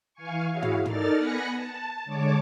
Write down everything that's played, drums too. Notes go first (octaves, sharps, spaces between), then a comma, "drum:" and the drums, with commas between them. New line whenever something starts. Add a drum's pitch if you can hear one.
E3 F5 G#5 C#6
E4 F#4 G#4 C#5 F5
drum: tom
D#4 A4 A#4 D5 F6 A6, drum: tom
B3 G#5 B5 F#6 A#6 C#7
A5
D3 G#3 C#5 A5 D6